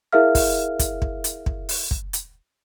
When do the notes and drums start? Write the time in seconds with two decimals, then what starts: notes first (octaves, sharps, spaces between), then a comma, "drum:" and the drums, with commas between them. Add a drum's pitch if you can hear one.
0.13 E4 G#4 A#4 E5 F5 F6
0.35 drum: kick, open hi-hat
0.79 drum: kick, hi-hat
1.02 drum: kick
1.24 drum: hi-hat
1.46 drum: kick
1.69 drum: open hi-hat
1.91 drum: kick
2.13 drum: hi-hat